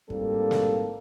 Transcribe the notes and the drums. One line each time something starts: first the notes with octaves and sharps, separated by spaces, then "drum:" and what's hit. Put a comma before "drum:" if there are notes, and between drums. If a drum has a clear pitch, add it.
A1 G#2 G3 A#3 C4 A4, drum: kick
drum: snare